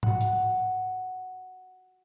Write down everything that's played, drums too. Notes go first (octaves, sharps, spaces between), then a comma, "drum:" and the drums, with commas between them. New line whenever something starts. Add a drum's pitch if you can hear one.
F#4 F#5, drum: tom G#2
drum: hi-hat